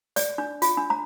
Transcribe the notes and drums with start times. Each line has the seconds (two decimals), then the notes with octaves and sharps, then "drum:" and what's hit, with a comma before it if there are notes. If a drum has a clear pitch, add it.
0.16 D5, drum: hi-hat
0.38 D4
0.62 F4, drum: hi-hat
0.77 D4
0.90 A#5